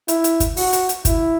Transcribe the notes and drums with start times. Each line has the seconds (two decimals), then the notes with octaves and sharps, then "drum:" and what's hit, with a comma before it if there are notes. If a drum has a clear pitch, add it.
0.08 E4, drum: hi-hat
0.24 drum: hi-hat
0.40 drum: kick, hi-hat
0.57 F#4, drum: open hi-hat
0.73 drum: hi-hat
0.89 drum: hi-hat
1.05 E4, drum: kick, hi-hat